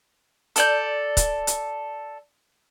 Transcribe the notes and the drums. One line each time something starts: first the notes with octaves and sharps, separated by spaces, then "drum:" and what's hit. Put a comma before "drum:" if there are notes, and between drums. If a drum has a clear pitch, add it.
A4 D5 G6, drum: hi-hat
drum: kick, hi-hat
drum: hi-hat